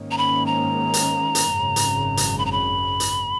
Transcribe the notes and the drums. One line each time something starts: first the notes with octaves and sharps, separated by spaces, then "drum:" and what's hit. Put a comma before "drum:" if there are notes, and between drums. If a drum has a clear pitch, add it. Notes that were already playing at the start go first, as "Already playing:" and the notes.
Already playing: G#2 D#3 A#3 C#4
A#5
B5
A#5
drum: hi-hat
drum: hi-hat
G#1 F#2 C#3
drum: hi-hat
drum: hi-hat
B5
A#5
B5
drum: hi-hat